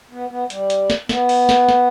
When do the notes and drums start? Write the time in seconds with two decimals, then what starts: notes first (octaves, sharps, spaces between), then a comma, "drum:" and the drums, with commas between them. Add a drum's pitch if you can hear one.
0.11 B3
0.30 B3
0.50 G3, drum: hi-hat
0.70 drum: hi-hat
0.90 drum: snare
1.09 B3, drum: snare
1.29 drum: open hi-hat
1.49 drum: snare
1.69 drum: snare